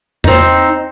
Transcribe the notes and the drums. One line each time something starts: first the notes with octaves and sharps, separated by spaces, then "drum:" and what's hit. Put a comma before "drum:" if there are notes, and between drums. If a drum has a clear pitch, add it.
C4 D#4, drum: tom E2